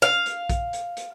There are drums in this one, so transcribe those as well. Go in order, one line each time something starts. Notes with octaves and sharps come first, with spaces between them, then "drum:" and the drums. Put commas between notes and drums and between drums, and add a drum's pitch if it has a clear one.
F5
drum: hi-hat
drum: kick, hi-hat
drum: hi-hat
drum: hi-hat